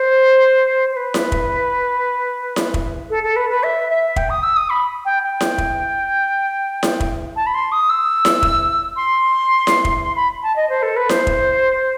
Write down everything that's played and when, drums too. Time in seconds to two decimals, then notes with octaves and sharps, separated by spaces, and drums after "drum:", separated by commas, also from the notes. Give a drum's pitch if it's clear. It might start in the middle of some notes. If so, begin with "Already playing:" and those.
Already playing: C5
0.92 C5
0.96 B4
1.14 drum: snare E4
1.32 drum: kick
2.56 drum: snare E4
2.74 drum: kick
3.10 A4
3.23 A4
3.36 B4
3.50 B4
3.63 E5
3.90 E5
4.16 G5, drum: kick
4.29 D#6
4.43 E6
4.56 D#6
4.70 B5
5.05 G5
5.23 G5
5.41 drum: snare E4
5.58 drum: kick
6.83 drum: snare E4
7.00 drum: kick
7.36 A5
7.46 B5
7.54 C6
7.72 D#6
7.89 E6
8.25 drum: snare E4
8.43 drum: kick
8.96 C6
9.67 drum: snare E4
9.85 drum: kick
10.03 C6
10.16 B5
10.42 A5
10.56 D#5
10.69 C5
10.82 A4
10.96 B4
11.09 C5, drum: snare E4
11.27 drum: kick